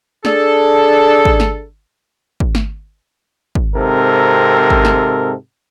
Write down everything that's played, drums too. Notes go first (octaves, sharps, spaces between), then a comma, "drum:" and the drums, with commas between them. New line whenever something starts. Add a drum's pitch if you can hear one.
D4 G#4 A4, drum: snare
drum: kick
drum: snare
drum: kick
drum: snare
drum: kick
G#2 C3 C4 A4 A#4
drum: kick
drum: snare